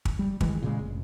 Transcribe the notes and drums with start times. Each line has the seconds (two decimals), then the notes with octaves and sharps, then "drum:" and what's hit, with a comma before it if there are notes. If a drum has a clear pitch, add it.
0.05 drum: kick
0.19 G3
0.41 D#3 E3 G#3, drum: kick
0.62 A#2 C#3 G#3
0.79 F1